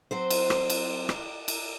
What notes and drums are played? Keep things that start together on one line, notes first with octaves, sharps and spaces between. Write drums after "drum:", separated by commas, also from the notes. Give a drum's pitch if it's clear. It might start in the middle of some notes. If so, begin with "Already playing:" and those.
F#3 C4 C5
drum: cymbal
drum: rim click
drum: cymbal
drum: rim click
drum: cymbal